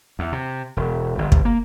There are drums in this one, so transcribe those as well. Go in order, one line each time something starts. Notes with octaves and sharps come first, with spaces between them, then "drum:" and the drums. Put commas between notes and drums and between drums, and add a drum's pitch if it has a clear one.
E2
C3
E1
G1
drum: kick
A#3